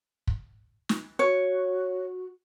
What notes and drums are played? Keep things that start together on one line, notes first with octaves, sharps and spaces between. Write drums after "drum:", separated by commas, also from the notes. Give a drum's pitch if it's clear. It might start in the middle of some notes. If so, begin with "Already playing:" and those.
drum: kick
drum: snare
F#4 C#5